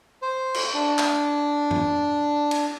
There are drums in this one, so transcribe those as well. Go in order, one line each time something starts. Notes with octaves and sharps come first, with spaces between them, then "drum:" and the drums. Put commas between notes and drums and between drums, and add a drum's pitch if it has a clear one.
C5
drum: cymbal
D4
drum: clap
drum: tom G#2
drum: cymbal